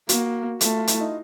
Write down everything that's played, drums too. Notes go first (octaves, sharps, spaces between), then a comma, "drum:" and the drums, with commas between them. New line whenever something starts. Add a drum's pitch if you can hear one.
A#3 F#4, drum: hi-hat
A3 F4, drum: hi-hat
F4
E4, drum: hi-hat
D#4